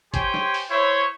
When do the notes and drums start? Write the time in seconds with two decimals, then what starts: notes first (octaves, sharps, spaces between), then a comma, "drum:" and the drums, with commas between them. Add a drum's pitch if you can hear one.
0.14 G4 C5 C#5 G5 G#5 C6, drum: kick G1, hi-hat
0.34 drum: snare
0.54 drum: open hi-hat
0.70 E4 C5 C#5